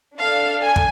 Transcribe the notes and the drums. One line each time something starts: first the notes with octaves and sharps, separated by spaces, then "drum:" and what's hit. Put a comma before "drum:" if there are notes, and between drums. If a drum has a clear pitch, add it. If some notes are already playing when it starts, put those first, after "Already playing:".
D4 A4 F5
G#5
drum: kick